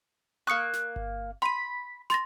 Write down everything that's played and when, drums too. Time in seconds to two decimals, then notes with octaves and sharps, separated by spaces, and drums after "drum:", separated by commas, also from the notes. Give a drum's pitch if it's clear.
0.47 A#3 C#6 D#6 F#6 C#7
0.73 drum: snare
0.96 drum: kick G1
1.42 B5 C6 D#7
2.10 C6 A6 A#6, drum: snare